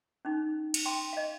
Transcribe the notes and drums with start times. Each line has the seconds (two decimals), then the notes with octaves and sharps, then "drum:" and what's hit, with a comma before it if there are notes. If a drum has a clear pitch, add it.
0.25 C#4 D#4
0.74 drum: cymbal
0.86 G5 C6
1.13 D#5 F5